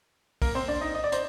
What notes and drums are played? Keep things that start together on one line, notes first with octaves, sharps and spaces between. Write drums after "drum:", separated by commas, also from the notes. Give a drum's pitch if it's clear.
A#3 A#4, drum: kick, open hi-hat
C4 C5
D4 D5
D#4 D#5
D#5
D5
C5, drum: hi-hat